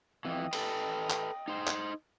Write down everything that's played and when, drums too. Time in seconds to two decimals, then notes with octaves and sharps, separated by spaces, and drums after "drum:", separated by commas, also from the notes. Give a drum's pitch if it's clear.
0.25 F2 E3 D#5 G5 D#6
0.53 A4 B4, drum: cymbal
1.10 drum: clap
1.48 D#4 C5
1.67 drum: clap